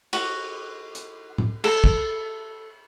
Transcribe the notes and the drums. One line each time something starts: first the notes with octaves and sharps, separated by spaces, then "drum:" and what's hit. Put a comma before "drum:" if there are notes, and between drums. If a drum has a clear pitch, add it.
F#4, drum: cymbal
drum: hi-hat
drum: tom A2
A4, drum: cymbal
drum: kick